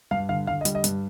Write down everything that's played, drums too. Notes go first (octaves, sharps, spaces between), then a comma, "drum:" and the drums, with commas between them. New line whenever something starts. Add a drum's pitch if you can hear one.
G2 F5
D3 F5
D3 F5
D#5
G3, drum: hi-hat
D#5
G2, drum: hi-hat